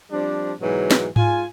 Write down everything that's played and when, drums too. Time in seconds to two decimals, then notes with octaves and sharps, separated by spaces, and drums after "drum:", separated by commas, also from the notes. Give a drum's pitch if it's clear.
0.11 F3 G3 C4 D4
0.60 G#2 B2 E3 F#3
0.91 drum: snare
1.16 G#2 F4 G#5, drum: tom G#2